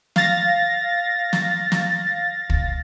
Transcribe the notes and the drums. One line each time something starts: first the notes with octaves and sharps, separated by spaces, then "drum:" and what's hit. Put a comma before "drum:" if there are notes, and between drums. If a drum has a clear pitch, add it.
F5 A6 A#6, drum: snare
drum: snare
drum: snare
drum: kick